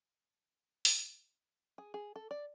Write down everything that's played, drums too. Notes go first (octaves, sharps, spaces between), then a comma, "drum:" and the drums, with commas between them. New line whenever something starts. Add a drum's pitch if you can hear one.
drum: open hi-hat
G#4
G#4
A4
D5